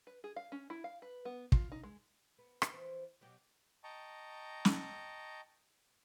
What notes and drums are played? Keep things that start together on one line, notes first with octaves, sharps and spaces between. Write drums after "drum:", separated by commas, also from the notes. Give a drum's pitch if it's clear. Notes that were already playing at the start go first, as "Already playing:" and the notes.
B4
G#4
F5
C#4
E4
F5
B4
B3
F4, drum: kick
D#4
G#3
B3
drum: rim click
E3 F3 C4
B2 F#3 G4
D#5 G5 A5 A#5 C#6
drum: snare